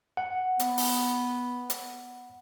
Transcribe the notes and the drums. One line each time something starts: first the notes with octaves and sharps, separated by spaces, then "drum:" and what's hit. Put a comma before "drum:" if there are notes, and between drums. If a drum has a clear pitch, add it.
F#5
B3, drum: hi-hat
drum: open hi-hat
drum: hi-hat